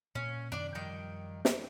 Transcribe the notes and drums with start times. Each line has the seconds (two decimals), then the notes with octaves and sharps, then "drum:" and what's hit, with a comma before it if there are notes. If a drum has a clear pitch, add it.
0.15 A#2 C#4
0.52 F#2 C3 D#3 D4 D5
0.75 F#2 D#3 F3 G3 G5
1.45 drum: snare